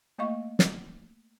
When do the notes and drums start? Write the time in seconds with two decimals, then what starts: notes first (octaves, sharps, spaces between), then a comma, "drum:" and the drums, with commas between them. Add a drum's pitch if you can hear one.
0.18 A3 A#3 D#5 F5 C#6
0.59 drum: snare